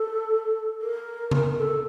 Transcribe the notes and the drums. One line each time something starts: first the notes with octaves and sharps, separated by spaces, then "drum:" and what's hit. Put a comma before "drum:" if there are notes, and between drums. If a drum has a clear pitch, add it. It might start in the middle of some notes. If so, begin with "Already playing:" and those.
Already playing: A4
A#4
drum: tom C#3
A4